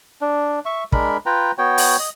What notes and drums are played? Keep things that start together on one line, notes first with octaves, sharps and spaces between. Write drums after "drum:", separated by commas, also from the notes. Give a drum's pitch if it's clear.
D4
E5 C#6
G#3 D4 A#4 B5, drum: kick
F4 B4 G5 A#5
B3 F#4 C#5 G5
drum: open hi-hat
D#5